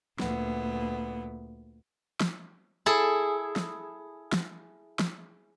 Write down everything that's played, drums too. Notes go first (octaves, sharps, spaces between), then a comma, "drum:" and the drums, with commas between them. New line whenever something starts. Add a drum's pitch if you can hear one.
D2 A#2 B3, drum: snare
drum: snare
E4 G#4 A4
drum: snare
drum: snare
drum: snare